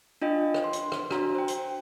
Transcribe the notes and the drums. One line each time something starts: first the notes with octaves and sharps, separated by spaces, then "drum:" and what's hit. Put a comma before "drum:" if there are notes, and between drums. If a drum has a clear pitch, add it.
D4 F4 D#5 G5
drum: rim click
C6
drum: hi-hat
drum: rim click
D4 F#4 A#5, drum: rim click
C5 G5
drum: hi-hat